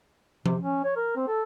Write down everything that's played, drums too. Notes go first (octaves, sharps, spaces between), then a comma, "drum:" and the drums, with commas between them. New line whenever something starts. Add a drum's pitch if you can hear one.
C3, drum: tom F3
C#4
C#5
A#4
C4
A4